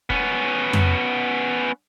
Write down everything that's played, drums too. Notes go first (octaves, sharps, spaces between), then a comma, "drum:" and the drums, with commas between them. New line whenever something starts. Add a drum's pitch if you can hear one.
B3 C#4, drum: kick F1
drum: tom F2